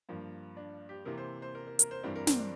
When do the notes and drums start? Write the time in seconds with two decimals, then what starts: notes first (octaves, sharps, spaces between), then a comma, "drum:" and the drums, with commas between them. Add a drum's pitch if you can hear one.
0.09 G2 F3 A#3
0.57 D4
0.89 G4
1.05 C3 E3 A#3 A#4
1.18 C5
1.42 C5
1.55 A#4
1.67 A#4
1.79 A#4, drum: hi-hat
1.91 C5
2.03 G2 E3 G3 C4 A#4
2.16 A#4
2.27 C4, drum: snare
2.39 D4